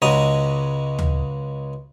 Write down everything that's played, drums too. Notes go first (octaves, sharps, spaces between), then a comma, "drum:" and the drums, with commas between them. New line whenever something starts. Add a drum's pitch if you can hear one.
C#2 C#3 G#3 F#4 A#5 D#6
drum: tom D2